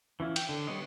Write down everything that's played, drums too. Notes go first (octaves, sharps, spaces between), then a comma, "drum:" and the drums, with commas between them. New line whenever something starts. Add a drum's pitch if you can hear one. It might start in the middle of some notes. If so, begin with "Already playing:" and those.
E3 C#4 E4 F4
G5, drum: cymbal
D3
G3 B3 C#5 D#5